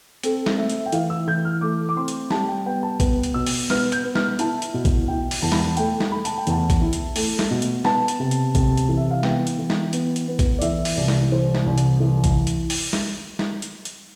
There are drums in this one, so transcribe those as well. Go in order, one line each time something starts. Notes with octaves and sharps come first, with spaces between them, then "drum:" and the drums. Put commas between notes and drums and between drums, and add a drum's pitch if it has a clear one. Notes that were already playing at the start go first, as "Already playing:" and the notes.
C4 A4, drum: hi-hat
drum: snare
A3 E5
drum: hi-hat
G5
E3 F5, drum: hi-hat
E6
E3 G6
F6
A3 D6
D6
C4 C6
drum: hi-hat
G3 A5, drum: snare
G5
B3 G5
A5
B3, drum: kick, hi-hat
drum: hi-hat
B2 E6
drum: open hi-hat
B3 F6, drum: snare
G6, drum: hi-hat
B3
F6, drum: snare
E4 A5, drum: hi-hat
drum: hi-hat
B2
drum: kick, hi-hat
E4 G5
drum: open hi-hat
E2 A5
B5, drum: snare
A5
A3 G5, drum: hi-hat
drum: snare
A3 B5
A5, drum: hi-hat
G5
E2 A5, drum: hi-hat
drum: kick, hi-hat
E4
drum: hi-hat
A3, drum: open hi-hat
drum: snare
B2
drum: hi-hat
B3 A5, drum: snare
drum: hi-hat
C3
drum: hi-hat
C3, drum: kick, hi-hat
drum: hi-hat
E3
E5
F5
B3 G5, drum: snare
drum: hi-hat
E3
drum: snare
B3, drum: hi-hat
drum: hi-hat
B3
drum: kick, hi-hat
D5
E3 E5, drum: hi-hat
drum: open hi-hat
C2 D5
drum: snare
E3 C5
drum: snare
C2
drum: hi-hat
E3
drum: kick, hi-hat
drum: hi-hat
drum: open hi-hat
drum: snare
drum: snare
drum: hi-hat
drum: hi-hat